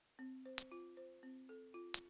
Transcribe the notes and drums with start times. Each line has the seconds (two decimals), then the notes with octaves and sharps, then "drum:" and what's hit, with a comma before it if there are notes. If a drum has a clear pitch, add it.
0.19 C4
0.46 C5
0.58 drum: hi-hat
0.72 F4
0.97 C5
1.23 C4
1.49 A4
1.74 F4
1.94 drum: hi-hat